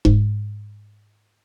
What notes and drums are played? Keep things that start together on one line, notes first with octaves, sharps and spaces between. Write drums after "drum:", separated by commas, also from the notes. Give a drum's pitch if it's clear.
G#2, drum: kick E1